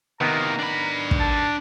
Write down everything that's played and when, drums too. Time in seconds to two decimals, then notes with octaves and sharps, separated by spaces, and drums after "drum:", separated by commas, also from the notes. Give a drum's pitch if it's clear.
0.21 C3 D#3 A#3 B3 A#5
0.59 D4 B5
1.11 drum: kick
1.20 A5